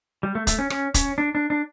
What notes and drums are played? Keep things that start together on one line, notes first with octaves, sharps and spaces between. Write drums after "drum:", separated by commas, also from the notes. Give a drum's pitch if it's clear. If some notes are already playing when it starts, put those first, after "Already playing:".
G3
A3
A3, drum: kick, hi-hat
C#4
C#4, drum: rim click
C#4, drum: kick, hi-hat
D4
D4
D4